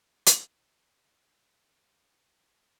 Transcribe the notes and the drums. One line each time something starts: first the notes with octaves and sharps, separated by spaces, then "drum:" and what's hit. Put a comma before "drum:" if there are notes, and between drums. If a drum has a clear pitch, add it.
drum: hi-hat
G1 C2 E3 A3
D#3
D1 B2 E3
G#1
F#1 G3
C3 D#3